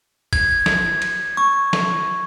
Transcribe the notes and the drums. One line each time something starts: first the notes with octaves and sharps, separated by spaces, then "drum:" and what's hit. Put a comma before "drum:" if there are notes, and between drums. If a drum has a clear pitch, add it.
G#6, drum: kick, cymbal
drum: snare
drum: cymbal
C#6
drum: snare